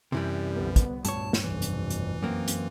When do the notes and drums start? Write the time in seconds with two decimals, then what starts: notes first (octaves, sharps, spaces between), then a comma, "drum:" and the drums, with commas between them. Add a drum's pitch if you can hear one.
0.12 F#2 C3 E3 G3
0.54 C2 D3 B3
0.76 drum: kick, hi-hat
1.05 D2 G2 A#2 C#5 A5, drum: hi-hat
1.33 drum: snare
1.44 F1 B1 F2 E3
1.62 drum: hi-hat
1.90 drum: hi-hat
2.22 F#2 A#3 C4
2.48 drum: hi-hat